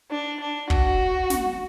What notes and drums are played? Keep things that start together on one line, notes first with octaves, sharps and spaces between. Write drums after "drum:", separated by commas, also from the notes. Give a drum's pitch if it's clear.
D4
D4
F#4, drum: kick
drum: snare